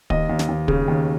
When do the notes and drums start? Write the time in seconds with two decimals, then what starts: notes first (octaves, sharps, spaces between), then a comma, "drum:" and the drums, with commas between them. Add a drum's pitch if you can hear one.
0.10 D#2 D#5, drum: kick
0.29 D#2
0.39 drum: snare
0.49 D#2
0.68 C#3, drum: kick
0.88 D#2